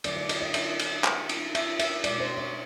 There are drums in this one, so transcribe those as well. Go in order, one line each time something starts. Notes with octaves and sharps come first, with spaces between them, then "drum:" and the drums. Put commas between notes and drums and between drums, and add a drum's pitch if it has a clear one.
D3 F#3 A3 D5, drum: cymbal
D5
D#5, drum: cymbal
D#5
E5, drum: cymbal
drum: cymbal
drum: clap
drum: cymbal
E5, drum: cymbal
E5, drum: cymbal
B2 G#3 D5, drum: cymbal
C5
C#5